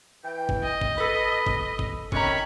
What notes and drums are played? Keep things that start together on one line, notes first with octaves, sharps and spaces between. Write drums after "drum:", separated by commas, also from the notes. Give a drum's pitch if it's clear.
E3 G5
drum: kick
D#5
drum: kick
A4 B4 B5
drum: kick
drum: kick
C3 D#3 C#4 A#5 B5 C#6, drum: kick